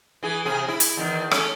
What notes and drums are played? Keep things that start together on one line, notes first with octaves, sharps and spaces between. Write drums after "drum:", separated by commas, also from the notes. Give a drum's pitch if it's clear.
E3 G#4
C3 G#4
E4
drum: hi-hat
E2 D#3
A3 C#4, drum: rim click